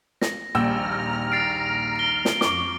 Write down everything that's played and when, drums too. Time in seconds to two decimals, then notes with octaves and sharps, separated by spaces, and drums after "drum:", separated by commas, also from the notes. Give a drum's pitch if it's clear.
0.21 A#6, drum: snare
0.55 A#1 D#2 G3 G5 A#5 E6 F6
1.32 A6 C7 D7
1.96 D7 G7
2.25 drum: snare
2.41 F2 C#6 D6, drum: snare